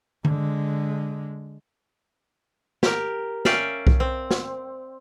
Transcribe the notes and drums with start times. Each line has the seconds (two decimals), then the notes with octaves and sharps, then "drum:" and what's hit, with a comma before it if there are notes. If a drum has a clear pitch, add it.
0.25 D3 G#3, drum: tom D3
2.83 G4 A#4, drum: snare
3.45 C#4 D5 E5 F5 G5 G#5, drum: snare
3.87 drum: kick B1
4.00 C4
4.31 drum: snare